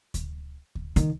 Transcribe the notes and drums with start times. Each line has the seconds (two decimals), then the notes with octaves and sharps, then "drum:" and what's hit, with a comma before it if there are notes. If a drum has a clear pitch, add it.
0.14 drum: kick D2, hi-hat
0.75 drum: kick D2
0.96 D#3, drum: hi-hat